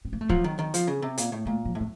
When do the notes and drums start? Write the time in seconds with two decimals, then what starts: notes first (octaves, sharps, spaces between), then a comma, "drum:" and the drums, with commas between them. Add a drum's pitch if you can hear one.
0.05 C4
0.13 A#3
0.21 A3
0.29 F3 F#3, drum: kick
0.44 D#3
0.59 D#3
0.74 F3, drum: hi-hat
0.87 C#3
1.02 C3
1.18 A#2, drum: hi-hat
1.32 A2
1.45 A#2 A3
1.65 F3
1.75 A2
1.80 F#3